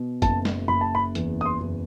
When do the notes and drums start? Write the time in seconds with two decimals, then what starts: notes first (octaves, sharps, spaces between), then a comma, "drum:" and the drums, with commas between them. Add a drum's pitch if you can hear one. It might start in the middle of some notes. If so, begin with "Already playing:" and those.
Already playing: B2
0.22 F#1 A5, drum: kick, hi-hat
0.45 drum: snare
0.68 F#1 B5
0.81 A5
0.95 B5
1.15 E2, drum: hi-hat
1.41 D#6
1.45 C6
1.61 F#1